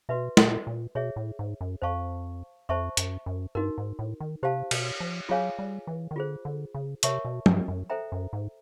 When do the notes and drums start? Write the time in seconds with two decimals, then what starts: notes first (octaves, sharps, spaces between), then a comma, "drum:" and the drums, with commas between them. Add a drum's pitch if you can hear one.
0.09 B2 F#4 B4 E5
0.37 A#2, drum: snare
0.67 A#2
0.95 B2 G#4 C#5 E5
1.16 A2
1.39 G#2
1.61 F#2
1.82 F2 C5 F5 A5 C#6
2.69 F2 C5 E5 A5 C#6
2.97 F#2, drum: hi-hat
3.26 F#2
3.55 G2 D#4 F#4 A#4
3.78 G#2
3.99 A2
4.20 D#3
4.43 C3 G4 C5 F5 A5
4.71 B2, drum: cymbal
5.00 F3
5.29 F#3 F4 G#4 C#5 F5 G#5
5.59 G3
5.87 E3
6.11 D#3
6.16 D3 F4 G#4 C5
6.45 D3
6.75 C#3
7.03 C3 A#4 C#5 E5 A5 C#6, drum: hi-hat
7.25 B2
7.46 G2, drum: tom F3
7.68 F#2
7.90 A4 C5 E5 G5 A#5
8.12 F#2
8.33 G#2